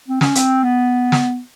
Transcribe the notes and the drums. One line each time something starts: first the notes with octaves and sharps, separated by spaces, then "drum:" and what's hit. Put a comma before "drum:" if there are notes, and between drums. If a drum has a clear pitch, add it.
C4
C#4, drum: snare
C4, drum: hi-hat
B3
drum: snare